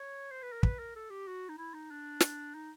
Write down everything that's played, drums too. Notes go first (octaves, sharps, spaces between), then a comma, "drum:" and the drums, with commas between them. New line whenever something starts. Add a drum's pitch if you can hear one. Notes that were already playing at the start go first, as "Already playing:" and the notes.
Already playing: C#5
C5
B4
A#4
B4, drum: kick
A#4
A4
G4
F#4
D#4
E4
D#4
D4
drum: snare
D#4